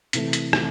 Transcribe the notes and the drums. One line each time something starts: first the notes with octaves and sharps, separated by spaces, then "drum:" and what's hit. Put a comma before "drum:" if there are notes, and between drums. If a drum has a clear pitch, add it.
C3 E3 A3, drum: hi-hat
drum: hi-hat
C3 E3 A3, drum: rim click